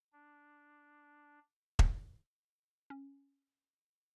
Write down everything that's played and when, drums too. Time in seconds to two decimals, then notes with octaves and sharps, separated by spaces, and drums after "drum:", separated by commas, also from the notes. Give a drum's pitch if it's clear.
0.12 D4
1.79 drum: kick E1
2.90 C#4